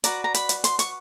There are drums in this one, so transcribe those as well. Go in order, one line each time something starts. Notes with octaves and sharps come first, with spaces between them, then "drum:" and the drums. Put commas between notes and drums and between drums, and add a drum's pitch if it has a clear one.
F#4 B4 D5 A#5, drum: hi-hat
A#5
B5, drum: hi-hat
drum: hi-hat
C6, drum: hi-hat
C#6, drum: hi-hat